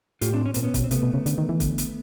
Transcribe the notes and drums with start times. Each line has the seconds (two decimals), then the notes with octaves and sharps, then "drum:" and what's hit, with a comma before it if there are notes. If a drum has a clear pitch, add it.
0.21 A2 F4 G4, drum: hi-hat
0.33 C4 D4
0.46 C#4
0.54 A#2 C4, drum: hi-hat
0.63 B3 C#4
0.74 B2, drum: kick, hi-hat
0.84 C4
0.91 C3 A3 B3, drum: hi-hat
1.03 B2
1.14 C#3
1.26 D3, drum: hi-hat
1.38 D#3
1.49 E3
1.60 D3, drum: kick, hi-hat
1.78 drum: hi-hat